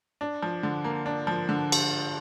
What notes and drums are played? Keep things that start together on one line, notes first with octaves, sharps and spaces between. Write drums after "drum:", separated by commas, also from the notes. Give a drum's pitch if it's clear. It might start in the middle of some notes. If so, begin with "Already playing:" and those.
D4
F3
D3
A#3
D4
F3
D3
drum: cymbal